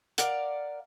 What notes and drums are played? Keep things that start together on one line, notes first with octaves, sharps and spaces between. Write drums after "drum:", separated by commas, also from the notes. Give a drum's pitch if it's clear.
A#4 D5 F5 F#5, drum: hi-hat